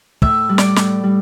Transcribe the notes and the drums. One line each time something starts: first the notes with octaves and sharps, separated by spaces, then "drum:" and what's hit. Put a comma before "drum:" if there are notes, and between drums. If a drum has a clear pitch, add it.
A2 E5, drum: kick
G3
D5, drum: snare
A2, drum: snare
G3